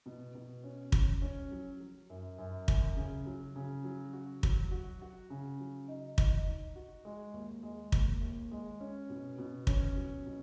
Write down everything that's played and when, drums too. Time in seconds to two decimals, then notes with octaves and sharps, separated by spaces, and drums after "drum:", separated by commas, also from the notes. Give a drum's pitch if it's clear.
0.06 B2
0.35 B2
0.64 C#4
0.92 F#3, drum: kick
1.22 C#4
1.51 F#3
1.80 F#3
2.10 F#2
2.38 F#2
2.68 F#2, drum: kick
2.97 C#3
3.26 F#3
3.56 C#3
3.84 F#3
4.13 F#4
4.43 F#3, drum: kick
4.71 F#4
5.02 F#4
5.30 C#3
5.60 F#3
5.88 D#4
6.18 D#4, drum: kick
6.46 D#4
6.76 F#4
7.05 G#3
7.34 D#2
7.63 G#3
7.92 D#2, drum: kick
8.21 D#2
8.51 G#3
8.80 C#4
9.10 B2
9.38 B2
9.67 C#4, drum: kick
9.96 F#3
10.26 B2